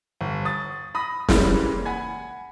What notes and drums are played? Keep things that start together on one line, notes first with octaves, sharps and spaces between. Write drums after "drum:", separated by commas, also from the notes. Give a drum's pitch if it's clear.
G1
D#6 A6
B5 D#6 A#6
C#3 E3 G3 G#3 A#3, drum: snare
F#5 G#5 B5 G#6